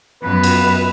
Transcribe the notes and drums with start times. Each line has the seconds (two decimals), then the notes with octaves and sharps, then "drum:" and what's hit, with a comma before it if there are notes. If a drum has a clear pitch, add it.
0.23 F#2 B3 B4
0.43 drum: cymbal